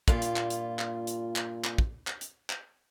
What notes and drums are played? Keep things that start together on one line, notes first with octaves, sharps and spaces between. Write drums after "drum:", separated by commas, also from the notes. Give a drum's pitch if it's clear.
G2 A#2 F4, drum: kick
drum: hi-hat
drum: clap
drum: hi-hat
drum: clap
drum: hi-hat
drum: clap
drum: clap
drum: kick
drum: clap
drum: hi-hat
drum: clap